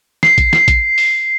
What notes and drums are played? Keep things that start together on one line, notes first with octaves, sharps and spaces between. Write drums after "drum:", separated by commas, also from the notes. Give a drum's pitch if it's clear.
C7, drum: snare
drum: kick A#1, hi-hat
drum: snare
drum: kick A#1, hi-hat
drum: open hi-hat